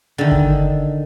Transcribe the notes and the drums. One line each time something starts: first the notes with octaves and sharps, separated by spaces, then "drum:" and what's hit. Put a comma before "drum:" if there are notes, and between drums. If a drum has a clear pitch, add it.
D3 D#3
drum: kick G1